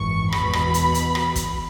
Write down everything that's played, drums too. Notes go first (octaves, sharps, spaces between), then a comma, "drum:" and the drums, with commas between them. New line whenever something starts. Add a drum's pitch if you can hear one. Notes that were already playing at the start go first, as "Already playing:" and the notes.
Already playing: G#1 F#2 E3 C#6
E2 B2 B5, drum: rim click
drum: rim click
drum: hi-hat
drum: hi-hat
drum: rim click
drum: kick, hi-hat